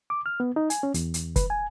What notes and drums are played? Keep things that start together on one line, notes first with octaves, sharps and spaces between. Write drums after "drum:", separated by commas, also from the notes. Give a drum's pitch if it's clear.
D6
F6
B3
D#4
G#5, drum: hi-hat
C#4
E2, drum: hi-hat
drum: hi-hat
B4, drum: kick, hi-hat
G#5